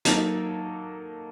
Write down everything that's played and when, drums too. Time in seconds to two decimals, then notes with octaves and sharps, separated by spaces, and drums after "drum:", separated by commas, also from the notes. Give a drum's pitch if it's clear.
0.05 F#3 A#3 D#4 A4, drum: hi-hat